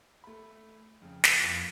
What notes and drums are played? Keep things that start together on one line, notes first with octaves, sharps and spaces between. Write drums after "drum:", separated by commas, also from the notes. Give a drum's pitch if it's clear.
A3 B5
F2 C#3
drum: snare
F2 A#3 F4